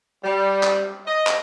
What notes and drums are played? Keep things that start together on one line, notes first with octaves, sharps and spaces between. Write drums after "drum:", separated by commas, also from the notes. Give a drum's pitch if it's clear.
G3
drum: clap
D#5
drum: clap